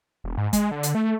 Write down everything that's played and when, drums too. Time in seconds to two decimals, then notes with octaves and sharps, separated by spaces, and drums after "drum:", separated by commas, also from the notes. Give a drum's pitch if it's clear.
0.24 E1
0.38 G#2
0.53 G#3, drum: kick, hi-hat
0.72 D3
0.83 drum: hi-hat
0.95 A3